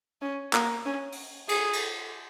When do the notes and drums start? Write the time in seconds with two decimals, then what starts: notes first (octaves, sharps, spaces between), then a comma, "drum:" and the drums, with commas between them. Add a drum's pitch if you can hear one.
0.22 C#4
0.53 A#3, drum: clap
0.85 C#4
1.12 drum: open hi-hat
1.49 G#4, drum: cymbal
1.73 drum: cymbal